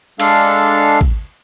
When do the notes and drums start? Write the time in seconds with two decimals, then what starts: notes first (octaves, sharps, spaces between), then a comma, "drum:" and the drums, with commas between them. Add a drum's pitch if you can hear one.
0.20 G#3 D4 A4 F5, drum: cymbal
1.01 drum: kick